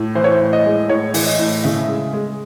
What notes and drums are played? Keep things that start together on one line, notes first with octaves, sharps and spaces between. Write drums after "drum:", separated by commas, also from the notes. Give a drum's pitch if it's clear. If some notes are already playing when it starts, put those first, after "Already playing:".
Already playing: A2
E3 C5
C#5
C5
A2
D#5
G#3
A2 C#5
E3, drum: open hi-hat
D#5
A2
C#3 E5
G#3
G#3